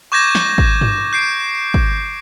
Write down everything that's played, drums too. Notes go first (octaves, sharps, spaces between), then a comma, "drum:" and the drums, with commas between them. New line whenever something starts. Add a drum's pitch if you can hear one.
C#6 D6 G6 G#6 A#6 E7
drum: snare
drum: kick G#1
drum: tom G2
G6 C7 D7
drum: kick G#1